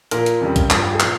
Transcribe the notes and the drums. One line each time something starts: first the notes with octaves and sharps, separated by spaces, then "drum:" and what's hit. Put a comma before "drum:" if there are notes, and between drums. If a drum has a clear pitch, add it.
A#2 F3 A#4, drum: hi-hat
drum: hi-hat
F2 C#3 G3
drum: kick, hi-hat
G2 F3 G#4, drum: clap
G4
G#4
A#2 F3, drum: clap